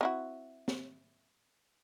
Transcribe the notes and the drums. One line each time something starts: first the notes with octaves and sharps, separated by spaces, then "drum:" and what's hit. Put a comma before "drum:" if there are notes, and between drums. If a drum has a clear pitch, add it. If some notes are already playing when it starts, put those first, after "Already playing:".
C4 E4 F#4
drum: snare